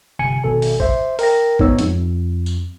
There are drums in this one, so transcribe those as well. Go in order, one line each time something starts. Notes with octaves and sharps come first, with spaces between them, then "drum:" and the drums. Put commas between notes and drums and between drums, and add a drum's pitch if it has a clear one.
G1 C3 G#5 C#7
G#1 B2 A4 G#5
drum: open hi-hat
C5 E5, drum: kick
A#4 G5 A#6, drum: open hi-hat
G#2 B3 D#4 C#5 E6, drum: kick
F2, drum: hi-hat
drum: tambourine